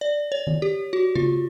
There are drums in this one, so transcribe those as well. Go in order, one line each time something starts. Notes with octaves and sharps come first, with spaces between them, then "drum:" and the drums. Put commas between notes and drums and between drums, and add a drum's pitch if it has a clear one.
D5
C#5
drum: tom D#3
G4
F#4
F4, drum: tom C#3